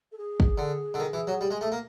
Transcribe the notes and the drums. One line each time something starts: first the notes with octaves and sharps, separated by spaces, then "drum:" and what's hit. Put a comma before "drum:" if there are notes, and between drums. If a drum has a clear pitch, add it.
A4
G#4
drum: kick
D3
D3
D#3
E3
F#3
G3
G#3
A3
A#3 A#4